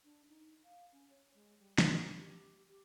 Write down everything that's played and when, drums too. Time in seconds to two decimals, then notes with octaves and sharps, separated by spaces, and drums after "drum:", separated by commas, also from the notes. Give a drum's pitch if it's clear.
0.04 D4
0.29 D#4
0.63 F5
0.92 C#4
1.10 C#5
1.34 G#3
1.59 G3
1.78 A#4, drum: snare
2.17 G4
2.68 G4